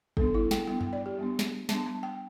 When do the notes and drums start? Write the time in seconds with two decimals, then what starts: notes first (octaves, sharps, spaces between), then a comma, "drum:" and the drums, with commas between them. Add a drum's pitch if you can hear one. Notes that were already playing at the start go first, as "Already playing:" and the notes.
0.17 G3 B3 D4 A4, drum: kick
0.34 E4
0.51 G5, drum: snare
0.67 G3 B3 D4 G5
0.81 G5, drum: tom F#2
0.93 D5
1.06 G4
1.19 G3 B3 D4
1.39 drum: snare
1.69 G3 B3 D4 A5, drum: snare
1.86 A5
2.03 G5